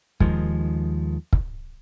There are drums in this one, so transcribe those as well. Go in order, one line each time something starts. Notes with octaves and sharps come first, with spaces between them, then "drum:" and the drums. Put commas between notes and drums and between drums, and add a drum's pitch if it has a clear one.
D#2 D#3 F3 G#3, drum: kick
drum: kick